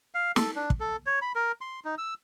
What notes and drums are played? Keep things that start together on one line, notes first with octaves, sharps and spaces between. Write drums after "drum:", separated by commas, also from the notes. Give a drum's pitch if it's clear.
F5
A4, drum: snare
D4
drum: kick
A4
C#5
B5
A#4
C6
D#4
E6